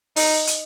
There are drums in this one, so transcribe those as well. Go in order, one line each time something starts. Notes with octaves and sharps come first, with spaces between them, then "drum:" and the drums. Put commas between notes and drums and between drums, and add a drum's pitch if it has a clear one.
D#4, drum: open hi-hat
drum: hi-hat